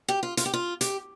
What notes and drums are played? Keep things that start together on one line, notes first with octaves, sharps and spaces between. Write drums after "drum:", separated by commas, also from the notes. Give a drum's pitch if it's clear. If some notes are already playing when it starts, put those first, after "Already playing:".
G4
F4
F4, drum: hi-hat
G4
F4
G4, drum: hi-hat